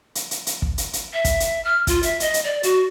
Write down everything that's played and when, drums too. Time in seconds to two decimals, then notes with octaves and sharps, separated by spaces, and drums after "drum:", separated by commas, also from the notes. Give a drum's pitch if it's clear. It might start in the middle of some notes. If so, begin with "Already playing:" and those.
0.15 drum: hi-hat
0.31 drum: hi-hat
0.47 drum: hi-hat
0.62 drum: kick
0.78 drum: hi-hat
0.93 drum: hi-hat
1.13 E5
1.25 drum: kick, hi-hat
1.40 drum: hi-hat
1.64 F6
1.87 F4, drum: kick, hi-hat
2.03 E5, drum: hi-hat
2.20 D#5, drum: hi-hat
2.34 drum: hi-hat
2.44 D5
2.63 F#4, drum: hi-hat